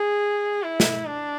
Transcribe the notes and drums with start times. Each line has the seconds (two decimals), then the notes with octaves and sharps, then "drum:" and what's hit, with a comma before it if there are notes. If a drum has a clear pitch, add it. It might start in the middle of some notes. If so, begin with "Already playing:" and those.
Already playing: G#4
0.63 E4
0.80 drum: snare
1.07 D4